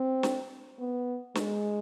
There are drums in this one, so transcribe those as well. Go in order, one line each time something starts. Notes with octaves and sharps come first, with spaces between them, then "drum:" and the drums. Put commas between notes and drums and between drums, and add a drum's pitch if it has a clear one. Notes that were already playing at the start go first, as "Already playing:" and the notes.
Already playing: C4
drum: snare
B3
G#3, drum: snare